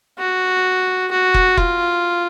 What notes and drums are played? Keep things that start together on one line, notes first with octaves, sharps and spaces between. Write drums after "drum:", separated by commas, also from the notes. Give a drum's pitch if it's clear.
F#4
F#4
drum: kick F1
F4, drum: kick F1